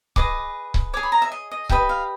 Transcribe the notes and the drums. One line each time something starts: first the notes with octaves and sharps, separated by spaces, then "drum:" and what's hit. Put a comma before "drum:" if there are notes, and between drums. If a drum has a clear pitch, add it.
G#4 B4 D#5 D6, drum: kick C#1
drum: kick C#1
G#4 C#5 D6
B5
A#5
E5
D#5
D#5
G4 B4 D#5 E5, drum: kick C#1
F5